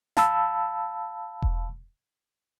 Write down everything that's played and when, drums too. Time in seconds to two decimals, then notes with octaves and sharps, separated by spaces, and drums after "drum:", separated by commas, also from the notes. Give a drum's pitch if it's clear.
0.17 F5 A5 B5 E6, drum: snare
1.42 drum: kick E1